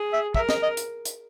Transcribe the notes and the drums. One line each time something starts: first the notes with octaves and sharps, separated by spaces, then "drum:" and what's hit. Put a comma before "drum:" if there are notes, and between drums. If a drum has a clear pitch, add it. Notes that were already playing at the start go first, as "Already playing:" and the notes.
Already playing: G#4
E5
A#4 E5, drum: kick
D#5, drum: snare
D#5
drum: hi-hat
drum: hi-hat